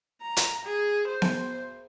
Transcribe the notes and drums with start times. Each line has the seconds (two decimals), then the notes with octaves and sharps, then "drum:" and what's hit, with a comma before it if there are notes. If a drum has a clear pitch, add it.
0.22 A#5
0.36 drum: hi-hat
0.65 G#4
1.08 C5
1.22 drum: snare B3